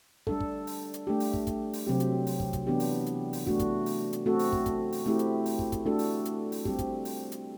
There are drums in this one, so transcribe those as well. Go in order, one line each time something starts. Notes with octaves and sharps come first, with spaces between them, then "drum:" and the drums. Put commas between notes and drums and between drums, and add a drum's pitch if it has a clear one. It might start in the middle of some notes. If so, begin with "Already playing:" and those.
G3 D4 A4, drum: kick
drum: kick
drum: open hi-hat
drum: hi-hat
A3 D4 G4
drum: open hi-hat
drum: kick
drum: kick, hi-hat
drum: open hi-hat
C3 F#3 C4 G4
drum: hi-hat
drum: open hi-hat
drum: kick
drum: kick, hi-hat
E3 B3 D4 G4
drum: open hi-hat
drum: hi-hat
drum: open hi-hat
A3 D4 F#4, drum: kick
drum: kick, hi-hat
drum: open hi-hat
drum: hi-hat
A3 C4 F#4 A4
drum: open hi-hat
drum: kick
drum: kick, hi-hat
drum: open hi-hat
A3 C4 E4 G4
drum: hi-hat
drum: open hi-hat
drum: kick
drum: kick, hi-hat
A3 D4 F#4 A4
drum: open hi-hat
drum: hi-hat
drum: open hi-hat
G3 C4 G4, drum: kick
drum: kick, hi-hat
drum: open hi-hat
drum: hi-hat